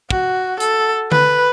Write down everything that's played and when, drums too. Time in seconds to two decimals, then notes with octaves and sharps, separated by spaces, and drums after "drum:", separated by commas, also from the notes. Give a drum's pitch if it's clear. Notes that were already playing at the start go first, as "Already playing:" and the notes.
0.10 F#4, drum: kick
0.60 A4, drum: hi-hat
1.12 B4, drum: tom D3